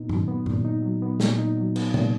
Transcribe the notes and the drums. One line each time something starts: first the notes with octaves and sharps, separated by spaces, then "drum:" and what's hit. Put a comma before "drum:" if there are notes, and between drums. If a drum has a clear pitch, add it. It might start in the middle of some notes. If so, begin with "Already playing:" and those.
Already playing: A#2 B3 D#4
F#3, drum: tom G2
B3
A#2, drum: tom G2
D#4
F#3
B3
A#2, drum: snare
D#4
F#3
B3, drum: cymbal
A#2, drum: tom C3